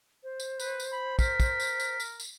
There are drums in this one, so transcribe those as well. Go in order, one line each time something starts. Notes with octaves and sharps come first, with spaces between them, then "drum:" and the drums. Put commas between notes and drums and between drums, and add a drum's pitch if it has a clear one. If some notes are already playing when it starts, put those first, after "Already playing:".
C5
drum: tambourine
B4, drum: tambourine
drum: tambourine
B5
A#4 B6, drum: kick, tambourine
drum: kick, tambourine
drum: tambourine
drum: tambourine
drum: tambourine
drum: tambourine